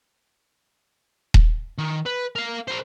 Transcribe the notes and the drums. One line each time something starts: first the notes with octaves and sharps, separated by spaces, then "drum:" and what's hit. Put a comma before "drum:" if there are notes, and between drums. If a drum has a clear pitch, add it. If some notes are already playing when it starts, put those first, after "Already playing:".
drum: kick D#1
D#3
B4
A#4 F5
A#4 C5